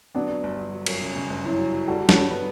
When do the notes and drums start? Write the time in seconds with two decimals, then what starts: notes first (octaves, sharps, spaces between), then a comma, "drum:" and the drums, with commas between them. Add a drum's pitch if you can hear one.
0.15 F#3 B3 D4
0.30 F#3
0.43 G1
0.58 F#3
0.72 F#3
0.86 F#2, drum: cymbal
1.01 C#3
1.16 C#3
1.30 G1
1.44 F#2 C#4 E4
1.58 F#3
1.73 F#3
1.87 G3 F#4 A4
2.01 G3
2.09 A4 C#5, drum: snare
2.16 G2
2.31 B3